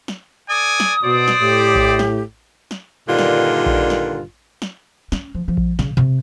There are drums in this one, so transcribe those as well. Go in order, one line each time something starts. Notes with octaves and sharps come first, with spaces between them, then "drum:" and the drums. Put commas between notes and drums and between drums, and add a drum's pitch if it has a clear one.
drum: snare
A4 D5 G#5 D#6
drum: snare
B2 C5 D5
drum: snare
A2 G4
drum: kick A#1
drum: snare
drum: snare
G2 A#2 D3 D#3 F4
drum: snare
drum: kick A#1
drum: snare
drum: snare
C#4, drum: snare
F3
F3
drum: kick A#1
C#3, drum: snare
C3